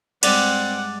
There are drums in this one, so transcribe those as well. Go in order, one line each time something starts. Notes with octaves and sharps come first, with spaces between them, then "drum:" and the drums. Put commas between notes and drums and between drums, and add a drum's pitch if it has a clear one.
G2 G#3 C4 D5 F#5, drum: cymbal